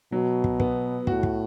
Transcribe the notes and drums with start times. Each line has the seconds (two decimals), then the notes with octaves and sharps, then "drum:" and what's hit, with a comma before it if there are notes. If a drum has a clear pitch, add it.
0.12 B2 F#3
0.44 drum: kick
0.60 B3, drum: kick
1.07 A2 F#4, drum: kick
1.23 drum: kick